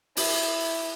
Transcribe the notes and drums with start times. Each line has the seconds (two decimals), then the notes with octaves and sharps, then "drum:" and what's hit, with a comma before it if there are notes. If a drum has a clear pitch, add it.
0.17 E4, drum: open hi-hat